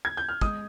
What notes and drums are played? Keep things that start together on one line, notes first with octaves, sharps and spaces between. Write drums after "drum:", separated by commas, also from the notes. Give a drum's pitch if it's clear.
G#6
G6
F6
G#3 D#6, drum: kick